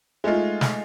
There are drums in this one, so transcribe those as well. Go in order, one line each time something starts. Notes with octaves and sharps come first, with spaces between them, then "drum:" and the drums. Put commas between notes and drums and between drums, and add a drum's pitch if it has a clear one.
G#3 A3 D#4 F4
drum: snare